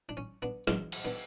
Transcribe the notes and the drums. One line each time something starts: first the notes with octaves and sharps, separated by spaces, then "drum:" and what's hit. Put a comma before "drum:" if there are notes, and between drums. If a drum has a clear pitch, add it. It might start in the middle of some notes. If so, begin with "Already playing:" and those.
D4
C#4
B3 D4
F#2 C#3 E3 G#3 B3 D4, drum: rim click
drum: cymbal
B3 D4